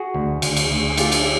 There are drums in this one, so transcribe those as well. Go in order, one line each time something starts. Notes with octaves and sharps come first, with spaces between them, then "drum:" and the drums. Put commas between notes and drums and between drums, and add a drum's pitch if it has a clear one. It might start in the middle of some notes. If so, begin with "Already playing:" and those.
Already playing: F#4 G#4
D2
D2, drum: cymbal
drum: cymbal
D2
G#4
A3 F4 G4, drum: cymbal
drum: cymbal